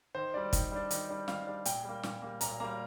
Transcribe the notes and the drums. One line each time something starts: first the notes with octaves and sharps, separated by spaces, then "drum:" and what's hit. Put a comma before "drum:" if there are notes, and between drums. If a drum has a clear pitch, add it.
D#3 C5
G3 D4 D5
D#3, drum: kick, hi-hat
G3 D4
D#3, drum: hi-hat
G3 D4
D#3 F5, drum: snare
G3 D4
A#2 G5, drum: hi-hat
G3 A#3
A#2, drum: snare
G3 A#3
A#2 A#5, drum: hi-hat
G3 A#3 A#5